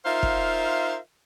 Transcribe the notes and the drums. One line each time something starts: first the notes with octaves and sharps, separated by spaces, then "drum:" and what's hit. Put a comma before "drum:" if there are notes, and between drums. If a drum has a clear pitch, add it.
D#4 F4 A#4 C5 E5 F5
drum: kick